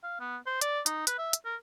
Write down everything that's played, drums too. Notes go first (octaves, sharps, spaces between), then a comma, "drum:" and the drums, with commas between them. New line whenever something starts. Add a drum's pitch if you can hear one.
F5
B3
C5
D5, drum: hi-hat
D#4, drum: hi-hat
B4, drum: hi-hat
E5
drum: hi-hat
A#4